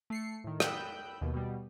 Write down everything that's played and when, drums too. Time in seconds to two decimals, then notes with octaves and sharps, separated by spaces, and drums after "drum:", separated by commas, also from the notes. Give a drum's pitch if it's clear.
0.10 A3 C7 C#7
0.44 A2 D#3
0.60 G5 B5 E6 F#6 G6, drum: rim click
1.21 D#2 B2
1.34 B2 G3